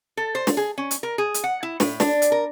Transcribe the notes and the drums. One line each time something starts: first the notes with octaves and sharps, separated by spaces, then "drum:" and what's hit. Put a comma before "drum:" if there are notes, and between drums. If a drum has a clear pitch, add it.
A4
C5
drum: snare
G#4
C#4
drum: hi-hat
A#4
G#4
drum: hi-hat
F#5
E4
A2, drum: snare
D4, drum: snare
drum: hi-hat
A#4